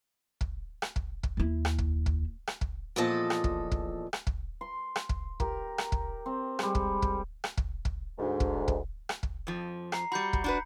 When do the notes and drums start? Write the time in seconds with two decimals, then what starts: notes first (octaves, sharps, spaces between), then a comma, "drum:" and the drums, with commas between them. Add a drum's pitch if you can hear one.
0.41 drum: kick
0.82 drum: rim click
0.96 drum: kick
1.23 drum: kick
1.37 D#2 E4
1.65 drum: rim click
1.79 drum: kick
2.06 drum: kick
2.47 drum: rim click
2.61 drum: kick
2.96 E2 A#2 F3 A4 D#5 A5
3.30 drum: rim click
3.44 drum: kick
3.71 drum: kick
4.13 drum: rim click
4.27 drum: kick
4.61 C6
4.96 drum: rim click
5.09 drum: kick
5.40 G4 A#4, drum: kick
5.78 drum: rim click
5.92 drum: kick
6.26 C4
6.59 G3 G#3, drum: rim click
6.75 drum: kick
7.02 drum: kick
7.44 drum: rim click
7.57 drum: kick
7.85 drum: kick
8.18 D2 G#2
8.40 drum: kick
8.68 drum: kick
9.09 drum: rim click
9.23 drum: kick
9.47 F2 F3
9.92 A#5 C7, drum: rim click
10.12 G3 F#4 B5 G6 C#7
10.33 drum: kick
10.44 D4 F#4 B4